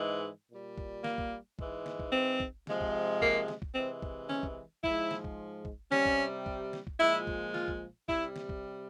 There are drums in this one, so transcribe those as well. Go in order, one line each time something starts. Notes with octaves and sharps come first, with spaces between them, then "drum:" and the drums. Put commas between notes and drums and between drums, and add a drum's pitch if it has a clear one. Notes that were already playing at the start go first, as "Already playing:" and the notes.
Already playing: G#2 E3 G#3
A#2 G3
drum: kick
A#3, drum: snare
drum: kick
G#2 E3 G#3, drum: kick
drum: snare
drum: kick
C4
drum: kick
C3 F3 G#3, drum: snare
drum: kick
A#3, drum: kick
drum: snare
drum: kick
C3 E3 G#3 C4
drum: kick
C#4, drum: snare
drum: kick
G#2 F3 G#3 E4, drum: kick
drum: snare
drum: kick
drum: kick
C3 G3 C#4, drum: snare
drum: kick
drum: kick
drum: snare
drum: kick
A#2 F3 G#3 E4
drum: kick
F4, drum: snare
drum: kick
C3 G3 E4, drum: kick
drum: snare
drum: kick